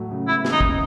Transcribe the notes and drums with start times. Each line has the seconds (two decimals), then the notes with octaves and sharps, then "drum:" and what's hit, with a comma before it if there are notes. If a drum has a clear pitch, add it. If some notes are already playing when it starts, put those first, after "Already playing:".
Already playing: A2 F#3 A3
0.11 C#3
0.27 B3 E4
0.45 E3, drum: snare
0.52 D#4
0.61 C#3, drum: kick